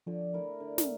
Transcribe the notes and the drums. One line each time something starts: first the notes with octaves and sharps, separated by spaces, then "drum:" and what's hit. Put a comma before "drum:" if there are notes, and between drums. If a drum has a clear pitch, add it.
D3 F3
A3 E4 A#4
D3
drum: snare